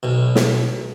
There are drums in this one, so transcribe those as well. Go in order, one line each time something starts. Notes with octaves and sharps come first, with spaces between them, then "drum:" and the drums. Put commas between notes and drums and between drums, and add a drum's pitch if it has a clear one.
B1 B2
drum: snare